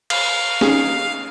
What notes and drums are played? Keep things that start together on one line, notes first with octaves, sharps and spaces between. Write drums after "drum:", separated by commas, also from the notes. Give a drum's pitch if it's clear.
F5, drum: cymbal
C#4 D#4 G#4, drum: snare